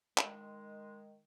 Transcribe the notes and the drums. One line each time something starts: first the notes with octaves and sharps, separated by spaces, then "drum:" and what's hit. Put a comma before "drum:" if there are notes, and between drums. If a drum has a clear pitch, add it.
D#3 G#3, drum: clap